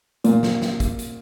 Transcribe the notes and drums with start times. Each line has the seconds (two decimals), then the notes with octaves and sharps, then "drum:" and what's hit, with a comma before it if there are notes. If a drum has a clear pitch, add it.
0.24 A#2, drum: hi-hat
0.43 drum: snare
0.62 drum: snare
0.80 drum: kick, hi-hat
0.99 drum: hi-hat